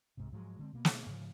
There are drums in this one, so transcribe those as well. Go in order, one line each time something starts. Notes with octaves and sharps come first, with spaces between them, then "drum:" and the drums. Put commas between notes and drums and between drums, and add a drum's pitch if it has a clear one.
C2 G#2 C3
G#2 F3 F#3 G#3
D3 G#3 C4
B2 A#3 B3
drum: snare
G#2 C#3 F3